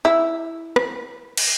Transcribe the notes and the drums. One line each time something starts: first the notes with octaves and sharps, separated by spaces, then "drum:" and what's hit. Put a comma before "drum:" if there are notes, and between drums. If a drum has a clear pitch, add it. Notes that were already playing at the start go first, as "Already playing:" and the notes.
E4
drum: rim click
drum: cymbal